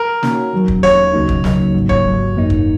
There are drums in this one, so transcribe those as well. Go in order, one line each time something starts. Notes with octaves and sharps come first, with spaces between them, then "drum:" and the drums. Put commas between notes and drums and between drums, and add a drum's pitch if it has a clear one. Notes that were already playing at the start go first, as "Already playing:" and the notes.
Already playing: A#4
D#3 A#3 C#4 F#4, drum: snare
D#2 D#3 F#3
drum: kick
D#2 D#3 F#3 C#5
C#2 C#3 F#3 A#3 D#4
drum: kick
C#2 C#3 F#3 A#3 D#4, drum: snare
G#1 G#2 F#3
C#5, drum: kick
G#1 G#2 F#3
F#2 D#3 A#3 D#4
drum: kick